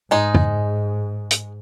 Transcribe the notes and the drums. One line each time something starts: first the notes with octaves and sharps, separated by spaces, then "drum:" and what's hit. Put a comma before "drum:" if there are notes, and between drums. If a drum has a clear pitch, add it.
G#2 G#3 D#4
drum: tom F2
drum: hi-hat